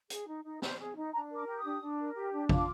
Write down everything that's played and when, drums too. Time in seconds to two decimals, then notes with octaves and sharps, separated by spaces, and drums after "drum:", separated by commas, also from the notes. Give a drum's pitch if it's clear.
0.10 G#4, drum: hi-hat
0.27 D#4
0.44 D#4
0.62 C5, drum: snare
0.79 G#4
0.96 D#4
1.13 D4 A#5
1.30 A#4
1.36 D6
1.48 G4
1.58 D#6
1.65 D4
1.81 D4
1.99 A#4
2.15 G4
2.33 D4
2.49 F4 D6, drum: kick